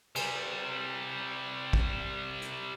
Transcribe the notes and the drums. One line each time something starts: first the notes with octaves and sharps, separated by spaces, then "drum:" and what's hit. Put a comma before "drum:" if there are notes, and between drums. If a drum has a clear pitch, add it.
C3 G3, drum: cymbal
drum: kick
drum: hi-hat